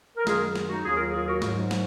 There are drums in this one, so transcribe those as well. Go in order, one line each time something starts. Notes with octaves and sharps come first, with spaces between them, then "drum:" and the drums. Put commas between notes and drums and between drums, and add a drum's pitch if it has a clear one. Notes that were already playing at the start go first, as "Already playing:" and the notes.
A#4
F#2 D#3 F#3 F4 G#4, drum: snare
drum: snare
D#4 F#4
D#2 D#3 F#3 F4 G#4
A#4
F4 G#4
F4 G#4
F#4 A#4
G#2 F#3, drum: snare
drum: snare